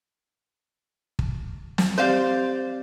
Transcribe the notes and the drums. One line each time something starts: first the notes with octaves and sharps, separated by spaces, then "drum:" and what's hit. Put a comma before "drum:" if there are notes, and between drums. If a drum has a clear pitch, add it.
drum: kick
drum: snare
C4 G4 C5 D5 F5